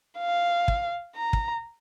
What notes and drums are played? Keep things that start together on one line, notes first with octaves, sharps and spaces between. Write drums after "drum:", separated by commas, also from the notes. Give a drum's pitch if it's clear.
F5
drum: kick
A#5
drum: kick